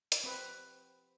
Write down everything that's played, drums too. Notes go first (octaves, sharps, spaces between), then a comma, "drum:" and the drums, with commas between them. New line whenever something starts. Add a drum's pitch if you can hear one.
drum: hi-hat
C4 B4